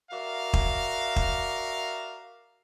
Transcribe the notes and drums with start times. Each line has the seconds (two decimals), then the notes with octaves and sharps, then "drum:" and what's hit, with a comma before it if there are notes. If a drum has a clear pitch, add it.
0.12 F#4 A#4 D5 E5 F5
0.53 drum: kick
1.16 drum: kick